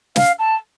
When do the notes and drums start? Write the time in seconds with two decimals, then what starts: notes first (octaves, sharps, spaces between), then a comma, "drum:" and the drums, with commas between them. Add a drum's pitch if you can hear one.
0.16 F5, drum: snare
0.38 A5